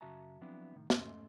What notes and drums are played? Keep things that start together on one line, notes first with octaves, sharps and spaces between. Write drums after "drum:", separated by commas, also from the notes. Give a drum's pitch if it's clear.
F#2 C#3 F#4 E5 A5 A#5
F3 F#3 B3 C4 D4 E4
C2 A2 D#3
G#2 A3 C#4 A4 D#5 C6, drum: snare